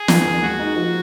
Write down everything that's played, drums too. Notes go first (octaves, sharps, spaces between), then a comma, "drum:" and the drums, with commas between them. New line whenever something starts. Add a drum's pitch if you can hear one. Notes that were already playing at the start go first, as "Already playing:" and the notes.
Already playing: G#4
D#3, drum: snare
D#2
G#3 F#4
D#4
F3